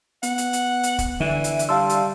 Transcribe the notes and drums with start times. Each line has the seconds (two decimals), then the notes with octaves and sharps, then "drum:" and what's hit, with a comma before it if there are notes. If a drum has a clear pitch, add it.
0.23 B3 F#5, drum: hi-hat
0.38 drum: hi-hat
0.53 drum: hi-hat
0.83 drum: hi-hat
0.99 drum: kick, hi-hat
1.20 D3 E3 E5
1.44 drum: hi-hat
1.59 drum: hi-hat
1.69 G3 F5 A5 C6 E6
1.89 drum: hi-hat